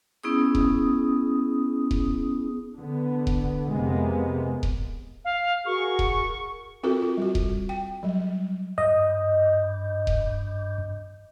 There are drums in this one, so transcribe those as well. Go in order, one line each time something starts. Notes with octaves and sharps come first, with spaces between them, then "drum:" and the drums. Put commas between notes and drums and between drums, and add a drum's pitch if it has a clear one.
B3 C#4 E4 G#4 D#6
drum: kick D#1
drum: kick D#1
D3 B3
drum: kick D#1
F2 C3 G#3 A#3 B3
drum: kick D#1
F5
F#4 G#4 A#4 C#6
drum: kick D#1
C4 F4 F#4 A4 A#4
F4
G3 F#4
drum: kick D#1
G5
F#3 G3
G2 D#5
drum: kick D#1